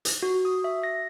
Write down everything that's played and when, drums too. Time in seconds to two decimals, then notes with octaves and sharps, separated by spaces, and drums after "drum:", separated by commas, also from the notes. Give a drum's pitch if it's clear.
0.05 drum: hi-hat
0.22 F#4
0.45 D#6
0.64 E5
0.84 A#6